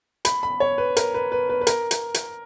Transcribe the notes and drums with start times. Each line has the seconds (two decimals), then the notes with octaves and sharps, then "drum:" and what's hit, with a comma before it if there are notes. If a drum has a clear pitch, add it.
0.25 B5, drum: hi-hat
0.43 B5
0.60 C#5
0.78 B4
0.97 A#4, drum: hi-hat
1.14 B4
1.32 B4
1.50 B4
1.61 B4
1.67 A#4, drum: hi-hat
1.91 drum: hi-hat
2.14 drum: hi-hat